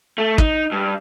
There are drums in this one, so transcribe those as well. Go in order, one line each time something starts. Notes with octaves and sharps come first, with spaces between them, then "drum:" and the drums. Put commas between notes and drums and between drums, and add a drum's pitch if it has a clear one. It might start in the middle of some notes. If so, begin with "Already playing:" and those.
A3
D#4, drum: kick
G2